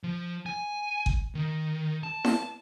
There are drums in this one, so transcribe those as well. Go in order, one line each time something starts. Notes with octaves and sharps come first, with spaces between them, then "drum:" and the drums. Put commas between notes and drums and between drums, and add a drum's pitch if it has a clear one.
F3
G#5
drum: kick G1
D#3
A5
drum: snare E4